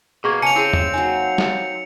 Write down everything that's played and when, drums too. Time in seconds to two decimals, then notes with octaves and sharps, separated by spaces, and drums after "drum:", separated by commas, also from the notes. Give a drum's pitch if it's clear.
0.24 B2 A#3 G#4 C#6 G#6
0.42 C#3 G#5 A5 C#7 D#7 F7
0.56 C4 E4 G#4 D#7
0.73 drum: tom E2
0.94 F#3 A#3 D#4 G#5
1.38 drum: snare